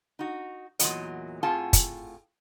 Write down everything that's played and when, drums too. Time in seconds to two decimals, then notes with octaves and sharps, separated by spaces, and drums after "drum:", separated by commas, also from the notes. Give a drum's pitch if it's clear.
0.19 D#4 F#4
0.79 E2 A#2 F#3 D#5, drum: hi-hat
1.43 A2 C4 F4 G#4 F#5 A5
1.73 drum: kick, hi-hat